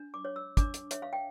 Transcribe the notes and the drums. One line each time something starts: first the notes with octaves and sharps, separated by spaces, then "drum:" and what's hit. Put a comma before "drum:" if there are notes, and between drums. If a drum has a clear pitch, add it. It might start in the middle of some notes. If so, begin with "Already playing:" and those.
Already playing: D4
D6
C#5
E6
D4 D6, drum: kick, hi-hat
drum: hi-hat
C#5 E5, drum: hi-hat
F5
G5